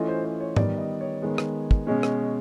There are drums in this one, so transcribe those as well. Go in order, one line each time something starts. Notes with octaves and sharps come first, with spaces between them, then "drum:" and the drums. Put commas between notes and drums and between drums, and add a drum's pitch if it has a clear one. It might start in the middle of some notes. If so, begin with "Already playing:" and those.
Already playing: E3 A3 C#4 F4 D#5
C5
C5
C#5
D#3 G3 B3 D5, drum: tom G#2
D#5
C#5
D#3 G#3 B3
drum: rim click
drum: kick
B2 G#3 C#4
drum: rim click